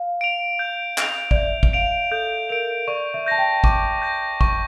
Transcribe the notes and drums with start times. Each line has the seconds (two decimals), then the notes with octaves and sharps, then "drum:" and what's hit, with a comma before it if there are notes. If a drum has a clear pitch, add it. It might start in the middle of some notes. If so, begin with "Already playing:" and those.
Already playing: F5
0.21 D7 F7
0.59 G6
0.98 D7 F7, drum: clap
1.31 D5, drum: kick
1.35 E5 G6
1.63 drum: kick
1.73 F5 D7 F7
2.11 A4 G6
2.49 A#4 D7 F7
2.87 D5 C#6
3.14 E5
3.26 A5 G6 A#6
3.38 G5
3.64 C#6 D6, drum: kick
4.02 G6 A#6
4.41 C#6, drum: kick